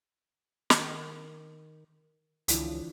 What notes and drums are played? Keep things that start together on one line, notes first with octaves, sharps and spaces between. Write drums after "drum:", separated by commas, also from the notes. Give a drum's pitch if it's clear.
D#3, drum: snare
C#2 D3 E3 F3, drum: hi-hat